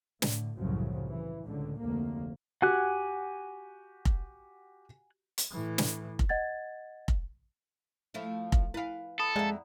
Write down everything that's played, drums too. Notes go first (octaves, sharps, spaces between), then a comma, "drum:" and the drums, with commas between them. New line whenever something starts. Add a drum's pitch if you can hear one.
A2 D3, drum: snare
C2 F#2 A2 C#3 F3 F#3
E3
C#2 A2 D3
F1 D2 A#3
F#4 G4 F#5 G#5 F#6
drum: kick F1
drum: hi-hat
A2 E3
drum: snare
drum: kick F1
D#5 F#5 G#6 A6
drum: kick F1
F3 A3 E4
drum: kick F1
E4 B4 F5 G#5
A4 B5 D#6
F2 G#3 D5 E5 F#5 A#5